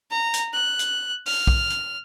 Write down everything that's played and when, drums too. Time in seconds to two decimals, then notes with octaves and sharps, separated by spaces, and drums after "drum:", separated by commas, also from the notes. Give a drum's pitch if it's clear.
0.11 A#5
0.33 drum: hi-hat
0.53 F#6
0.79 drum: hi-hat
1.26 F6, drum: open hi-hat
1.47 drum: kick
1.70 drum: hi-hat